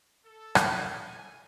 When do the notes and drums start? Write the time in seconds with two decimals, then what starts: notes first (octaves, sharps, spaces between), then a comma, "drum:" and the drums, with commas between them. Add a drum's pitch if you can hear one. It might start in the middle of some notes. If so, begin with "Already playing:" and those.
0.25 A4
0.55 drum: rim click
1.05 G#5